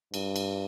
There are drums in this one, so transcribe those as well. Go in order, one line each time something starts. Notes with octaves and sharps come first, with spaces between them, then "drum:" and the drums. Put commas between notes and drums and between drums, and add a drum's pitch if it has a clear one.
G2, drum: cymbal
drum: cymbal